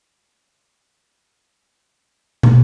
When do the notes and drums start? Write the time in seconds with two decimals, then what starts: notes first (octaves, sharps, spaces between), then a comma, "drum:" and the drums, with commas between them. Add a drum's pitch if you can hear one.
0.10 B3 F#4 D5 G#5 A5
2.43 drum: tom